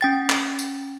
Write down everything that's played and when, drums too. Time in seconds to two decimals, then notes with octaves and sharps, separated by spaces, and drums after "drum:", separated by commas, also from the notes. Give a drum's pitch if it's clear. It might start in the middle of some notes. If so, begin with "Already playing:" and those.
0.01 C#4 G5 A6
0.30 drum: clap
0.59 drum: tambourine